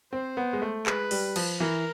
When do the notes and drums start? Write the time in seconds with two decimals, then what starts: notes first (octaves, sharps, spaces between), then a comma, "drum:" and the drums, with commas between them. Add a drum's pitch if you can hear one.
0.13 C4 C5
0.37 B3
0.53 G#3
0.62 A3
0.86 G#3 B4, drum: clap
1.11 G3, drum: open hi-hat
1.36 F3, drum: cymbal
1.60 E3 A#4